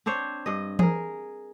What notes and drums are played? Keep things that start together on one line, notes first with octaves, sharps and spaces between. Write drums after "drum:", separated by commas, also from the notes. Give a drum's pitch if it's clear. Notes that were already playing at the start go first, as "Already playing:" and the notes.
C4 D4 C5 C#5
G2 D#5
G#4 A#4, drum: tom E3